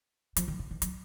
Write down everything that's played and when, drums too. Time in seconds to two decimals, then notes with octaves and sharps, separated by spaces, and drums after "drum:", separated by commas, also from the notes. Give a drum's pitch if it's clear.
0.37 F3, drum: hi-hat
0.48 D#3
0.59 C#3
0.71 D#3
0.82 F#3, drum: hi-hat